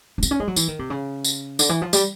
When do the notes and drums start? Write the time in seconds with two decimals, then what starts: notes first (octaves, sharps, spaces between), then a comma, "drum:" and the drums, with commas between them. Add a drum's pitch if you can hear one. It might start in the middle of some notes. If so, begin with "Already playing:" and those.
0.18 C#4
0.23 C4, drum: tambourine
0.31 C#4
0.40 G#3
0.48 F#3
0.56 E3, drum: tambourine
0.68 D#3
0.79 C3
0.90 C#3
1.24 drum: tambourine
1.59 D3, drum: tambourine
1.69 E3
1.82 F3
1.93 G3, drum: tambourine